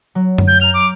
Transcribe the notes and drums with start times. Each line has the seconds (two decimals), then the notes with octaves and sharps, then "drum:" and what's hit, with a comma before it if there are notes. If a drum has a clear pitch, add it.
0.15 F#3
0.38 drum: tom F#2
0.48 G6
0.61 A#5 F6 F7
0.74 D6